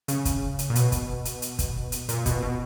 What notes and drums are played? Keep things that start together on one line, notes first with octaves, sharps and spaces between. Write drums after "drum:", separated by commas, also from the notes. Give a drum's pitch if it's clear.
C#3, drum: hi-hat
drum: kick, hi-hat
drum: hi-hat
A#2
B2, drum: hi-hat
drum: kick, hi-hat
drum: hi-hat
drum: hi-hat
drum: kick, hi-hat
drum: hi-hat
A#2, drum: hi-hat
B2, drum: kick, hi-hat
B2